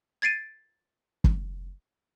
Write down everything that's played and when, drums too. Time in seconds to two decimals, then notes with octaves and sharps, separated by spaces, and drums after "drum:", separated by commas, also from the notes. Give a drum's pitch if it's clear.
0.22 G#6 A6 C7 D7 D#7
1.24 drum: kick